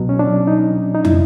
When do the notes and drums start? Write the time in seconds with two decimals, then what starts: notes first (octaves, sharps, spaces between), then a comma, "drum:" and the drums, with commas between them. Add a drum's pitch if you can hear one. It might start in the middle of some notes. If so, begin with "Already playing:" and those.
Already playing: C2 B2 F#3
0.09 C#4
0.19 D4
0.47 D#4
0.95 D#4
1.05 E4, drum: tom